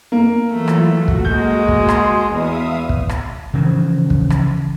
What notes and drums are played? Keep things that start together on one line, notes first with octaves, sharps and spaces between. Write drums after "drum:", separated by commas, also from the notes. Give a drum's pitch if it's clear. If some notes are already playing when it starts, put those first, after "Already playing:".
A#3
E3 F#3 A3 F4
drum: rim click
F#4
drum: kick
G#3 A#3 G6
drum: kick
C6, drum: rim click
E2 E5 F5 D#6
drum: kick
drum: rim click
C#3 E3 F3
drum: kick
drum: rim click